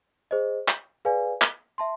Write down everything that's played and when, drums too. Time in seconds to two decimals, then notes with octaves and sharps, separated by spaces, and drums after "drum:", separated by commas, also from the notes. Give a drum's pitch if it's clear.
0.31 G#4 C5 D#5
0.68 drum: clap
1.05 G#4 B4 D5 F5 G#5
1.42 drum: clap
1.78 E5 A5 C6